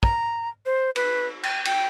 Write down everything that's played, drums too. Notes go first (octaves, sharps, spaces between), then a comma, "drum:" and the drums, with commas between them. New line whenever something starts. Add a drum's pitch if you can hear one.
A#5, drum: kick
C5
B4, drum: cymbal
G5, drum: cymbal
G5, drum: cymbal